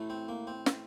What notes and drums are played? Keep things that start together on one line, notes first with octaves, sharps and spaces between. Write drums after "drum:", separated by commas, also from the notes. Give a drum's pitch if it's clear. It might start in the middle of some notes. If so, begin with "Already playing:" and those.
Already playing: A1 A2 A3
C4
A#3
C4
drum: snare